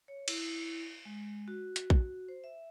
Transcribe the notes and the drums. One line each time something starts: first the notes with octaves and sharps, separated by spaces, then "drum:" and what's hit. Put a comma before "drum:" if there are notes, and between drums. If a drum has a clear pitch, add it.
C#5
E4, drum: cymbal
G#3
F#4
drum: hi-hat
drum: kick A#1
C5
E5